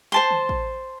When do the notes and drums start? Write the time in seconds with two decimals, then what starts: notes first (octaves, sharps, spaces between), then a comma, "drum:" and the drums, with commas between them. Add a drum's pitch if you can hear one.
0.12 C5 A5 C6
0.31 drum: tom D3
0.49 drum: kick